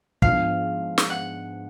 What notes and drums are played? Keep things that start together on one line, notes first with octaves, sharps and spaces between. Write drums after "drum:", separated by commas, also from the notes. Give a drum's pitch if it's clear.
G#2 F3 B3 D4 F4 F5, drum: kick
drum: snare
F#5